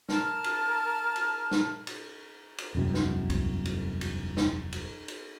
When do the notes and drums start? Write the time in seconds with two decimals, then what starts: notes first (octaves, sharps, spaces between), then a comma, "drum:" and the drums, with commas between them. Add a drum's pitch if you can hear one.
0.09 A#4 A5 F6, drum: snare
0.44 drum: cymbal
1.16 drum: cymbal
1.51 drum: snare
1.87 drum: cymbal
2.58 drum: cymbal
2.75 E1 C2 F#2 C3
2.94 drum: snare
3.30 drum: kick C2, cymbal
3.65 drum: cymbal
4.01 drum: cymbal
4.37 drum: snare
4.72 drum: cymbal
5.08 drum: cymbal